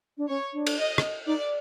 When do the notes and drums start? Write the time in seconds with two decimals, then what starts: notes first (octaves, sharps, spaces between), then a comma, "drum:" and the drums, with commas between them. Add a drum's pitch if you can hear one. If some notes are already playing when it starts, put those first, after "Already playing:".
0.18 D4
0.28 C#4 C#5
0.53 D4
0.67 drum: cymbal
0.78 D#5
0.98 drum: rim click
1.27 D#4 D5